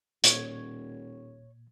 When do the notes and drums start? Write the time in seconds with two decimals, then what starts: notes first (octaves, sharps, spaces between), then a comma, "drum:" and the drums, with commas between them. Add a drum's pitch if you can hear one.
0.24 D#1 A#2 C#5 G#6, drum: hi-hat